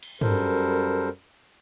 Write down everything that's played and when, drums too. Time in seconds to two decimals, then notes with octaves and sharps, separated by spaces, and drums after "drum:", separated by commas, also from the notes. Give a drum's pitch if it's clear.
0.03 drum: cymbal
0.21 F#2 G3 A4 A#4 C5, drum: tom G2